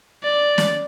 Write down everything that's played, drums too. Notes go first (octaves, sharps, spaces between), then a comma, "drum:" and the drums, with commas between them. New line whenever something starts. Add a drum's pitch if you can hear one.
D5
drum: snare